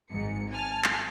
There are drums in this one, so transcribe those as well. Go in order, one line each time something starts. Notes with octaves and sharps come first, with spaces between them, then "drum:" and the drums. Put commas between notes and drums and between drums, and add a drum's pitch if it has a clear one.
G#1 G#2 C#7
G#5 A5 F6
drum: clap